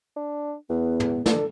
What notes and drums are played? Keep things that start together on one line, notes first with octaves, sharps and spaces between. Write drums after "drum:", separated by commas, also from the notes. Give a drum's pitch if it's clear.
D4
E2 B3
drum: tom
D4 A4, drum: snare